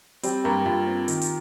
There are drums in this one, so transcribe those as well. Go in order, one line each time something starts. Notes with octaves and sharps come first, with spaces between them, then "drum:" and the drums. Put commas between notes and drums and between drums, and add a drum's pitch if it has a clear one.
G3 C4, drum: hi-hat
G2 A#3
G2 F4
C4
D#3, drum: hi-hat
drum: hi-hat